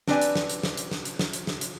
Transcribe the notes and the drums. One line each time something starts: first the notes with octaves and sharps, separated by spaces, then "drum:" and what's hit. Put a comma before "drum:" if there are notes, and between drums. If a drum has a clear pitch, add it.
C4 D4 G4 B4 D5 G#5, drum: snare
drum: hi-hat
drum: snare
drum: hi-hat
drum: snare
drum: hi-hat
drum: snare
drum: hi-hat
drum: snare
drum: hi-hat
drum: snare
drum: hi-hat